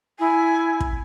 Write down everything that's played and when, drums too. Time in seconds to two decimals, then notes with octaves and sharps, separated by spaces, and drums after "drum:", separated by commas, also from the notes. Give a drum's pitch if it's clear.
0.19 E4 G#5
0.80 drum: kick